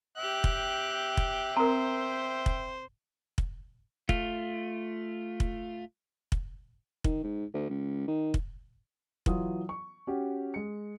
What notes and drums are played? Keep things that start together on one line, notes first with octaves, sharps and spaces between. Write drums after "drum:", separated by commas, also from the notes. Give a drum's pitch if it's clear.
G4 E5 G5 F#6
drum: kick
drum: kick
C4 A#4 C5 A#5
drum: kick
drum: kick
A3 F4, drum: kick
drum: kick
drum: kick
D#3, drum: kick
G#2
D2
C#2
D#3
drum: kick
E3 F#3 F4 D#6, drum: kick
C#6
C#4 F#4 G4
G#3 C#7